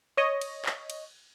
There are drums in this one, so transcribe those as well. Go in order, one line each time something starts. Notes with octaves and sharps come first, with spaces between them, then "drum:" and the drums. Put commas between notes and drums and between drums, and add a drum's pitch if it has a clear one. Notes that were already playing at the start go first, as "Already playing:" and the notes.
C#5 D#5
drum: cymbal
drum: clap
drum: cymbal